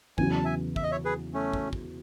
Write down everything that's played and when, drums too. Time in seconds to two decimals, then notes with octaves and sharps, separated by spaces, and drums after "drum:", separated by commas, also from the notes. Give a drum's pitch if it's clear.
0.18 E2 C#3 F#3 G#5, drum: kick
0.32 A5
0.45 E5 G#5
0.76 E5, drum: kick
0.83 D#5
0.91 C#5 E5
1.05 G#4 B4
1.34 A3 C#4
1.53 drum: kick
1.73 drum: kick